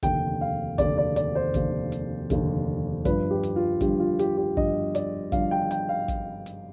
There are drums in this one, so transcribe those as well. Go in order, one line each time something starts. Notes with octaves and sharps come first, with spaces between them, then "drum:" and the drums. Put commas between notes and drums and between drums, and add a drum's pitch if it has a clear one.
F1 D#2 D3 G5, drum: kick, hi-hat
F5
F1 D#2 D3 D5, drum: kick, hi-hat
D5
D5, drum: hi-hat
C5
F1 D#2 D3, drum: kick, hi-hat
drum: hi-hat
F1 D#2 D3, drum: kick, hi-hat
G1 G2 F3 B4, drum: kick, hi-hat
G4
drum: hi-hat
F4
G1 G2 F3 G4, drum: kick, hi-hat
F4
G4, drum: hi-hat
G4
G1 G2 F3 D#5, drum: kick
D5, drum: hi-hat
G1 G2 F3 F5, drum: kick, hi-hat
G5
G5, drum: hi-hat
F5
drum: kick, hi-hat
drum: hi-hat